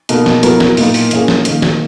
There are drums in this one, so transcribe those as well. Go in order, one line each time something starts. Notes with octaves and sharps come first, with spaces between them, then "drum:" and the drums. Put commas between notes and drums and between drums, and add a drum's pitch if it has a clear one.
B2 A#3 D#4 A#4, drum: hi-hat
drum: snare
F#3 B3 E4 A#4, drum: hi-hat
drum: snare
A#2 A#3 D#4 A#4, drum: open hi-hat
drum: open hi-hat
E3 A#3 C#4 G#4, drum: hi-hat
drum: snare
D#3 A#3 D#4, drum: hi-hat
drum: snare